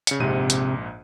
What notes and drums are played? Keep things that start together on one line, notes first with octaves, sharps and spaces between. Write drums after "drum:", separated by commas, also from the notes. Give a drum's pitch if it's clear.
C#3 C#7, drum: hi-hat
A#1 G#2 C3 D#7
drum: hi-hat